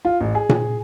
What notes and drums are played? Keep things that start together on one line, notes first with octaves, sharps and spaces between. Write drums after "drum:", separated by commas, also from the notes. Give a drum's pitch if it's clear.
F4
A1
G#4
drum: tom A#2